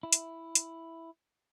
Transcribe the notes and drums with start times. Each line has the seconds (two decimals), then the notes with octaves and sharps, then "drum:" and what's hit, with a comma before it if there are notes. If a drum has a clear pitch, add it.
0.03 E4 E5
0.13 drum: hi-hat
0.55 drum: hi-hat